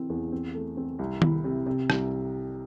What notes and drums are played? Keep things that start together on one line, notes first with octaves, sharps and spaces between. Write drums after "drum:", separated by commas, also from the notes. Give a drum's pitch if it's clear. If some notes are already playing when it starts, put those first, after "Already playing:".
Already playing: E3 C4
E2
C4
A3
C4
C2
E4, drum: tom D#3
C3
C3
C2, drum: rim click